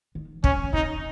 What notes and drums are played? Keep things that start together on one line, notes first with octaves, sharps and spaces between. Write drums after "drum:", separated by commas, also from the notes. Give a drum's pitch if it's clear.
D#3
C#3 C#4, drum: kick
C3 D#4